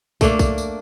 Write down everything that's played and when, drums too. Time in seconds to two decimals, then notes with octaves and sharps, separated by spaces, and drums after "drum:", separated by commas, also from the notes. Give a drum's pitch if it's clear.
0.21 A3 A#3 D4, drum: kick, tambourine
0.39 drum: kick, tambourine
0.58 drum: tambourine